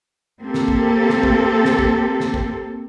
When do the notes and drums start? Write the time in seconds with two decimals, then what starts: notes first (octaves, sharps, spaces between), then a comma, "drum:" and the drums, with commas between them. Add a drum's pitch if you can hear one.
0.40 A#3 C4 G4 A4
0.54 drum: snare
0.68 drum: kick
1.10 drum: snare
1.23 drum: kick
1.65 drum: snare
1.79 drum: kick
2.20 drum: snare
2.34 drum: kick